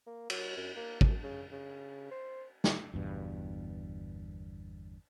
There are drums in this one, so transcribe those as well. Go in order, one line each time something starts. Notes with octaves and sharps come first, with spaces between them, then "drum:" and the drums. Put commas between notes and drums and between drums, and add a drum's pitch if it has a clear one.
A#3
F#3, drum: cymbal
F#2
A#3
F#2, drum: kick
C#3
C#3
C5
drum: snare
G1 E2 G2 B2